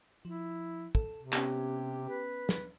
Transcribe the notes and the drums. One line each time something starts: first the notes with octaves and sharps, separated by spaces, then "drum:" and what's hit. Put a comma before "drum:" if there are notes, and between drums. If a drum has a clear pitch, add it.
F3 E4
A4, drum: kick
C3
B3 C#4 G4, drum: clap
B4
drum: snare